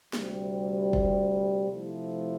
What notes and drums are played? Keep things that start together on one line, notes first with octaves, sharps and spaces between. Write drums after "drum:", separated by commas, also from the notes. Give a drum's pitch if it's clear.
D2 C3 G3, drum: snare
drum: kick
C3 F3 A3 E4